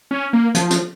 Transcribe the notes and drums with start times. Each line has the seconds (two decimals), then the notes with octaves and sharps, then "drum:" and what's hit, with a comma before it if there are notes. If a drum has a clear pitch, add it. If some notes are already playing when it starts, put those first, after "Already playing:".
0.11 C#4
0.33 A#3
0.55 F3, drum: hi-hat
0.70 drum: hi-hat